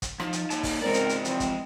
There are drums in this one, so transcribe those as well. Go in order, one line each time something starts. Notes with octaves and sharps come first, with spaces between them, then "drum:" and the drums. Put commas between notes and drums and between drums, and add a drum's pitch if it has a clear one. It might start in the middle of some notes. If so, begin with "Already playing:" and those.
drum: kick, hi-hat
F3 D#4, drum: rim click
drum: hi-hat
A#3 C#5 A5, drum: hi-hat
drum: kick, open hi-hat
C#2 G#2 G#3 C4 A#4 D5
drum: hi-hat
drum: hi-hat
C3 E3 F3 C4, drum: hi-hat
drum: kick, hi-hat